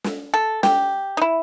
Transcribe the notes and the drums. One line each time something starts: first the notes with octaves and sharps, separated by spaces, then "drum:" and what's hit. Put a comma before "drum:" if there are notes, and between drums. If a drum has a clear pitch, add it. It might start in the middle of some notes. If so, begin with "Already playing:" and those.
drum: snare
A4
G4, drum: snare
D#4
E4